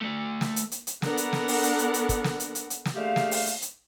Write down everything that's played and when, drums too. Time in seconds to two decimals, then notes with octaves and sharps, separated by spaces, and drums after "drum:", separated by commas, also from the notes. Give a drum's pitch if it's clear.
0.01 A3 D5
0.41 drum: snare
0.56 drum: hi-hat
0.72 drum: hi-hat
0.87 drum: hi-hat
1.02 B3 D4 A4 A#4 F#5, drum: snare
1.17 drum: hi-hat
1.33 drum: snare
1.48 drum: open hi-hat
1.63 drum: hi-hat
1.79 drum: hi-hat
1.94 drum: hi-hat
2.09 drum: kick, hi-hat
2.24 drum: snare
2.40 drum: hi-hat
2.55 drum: hi-hat
2.70 drum: hi-hat
2.85 drum: snare
2.95 D3 G#3 A3 G4 F5
3.16 drum: snare
3.31 drum: open hi-hat
3.47 drum: hi-hat
3.62 drum: hi-hat